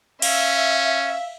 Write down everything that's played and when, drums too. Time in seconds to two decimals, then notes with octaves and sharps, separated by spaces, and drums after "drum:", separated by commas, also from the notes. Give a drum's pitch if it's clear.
0.22 C#4 E5 F5, drum: cymbal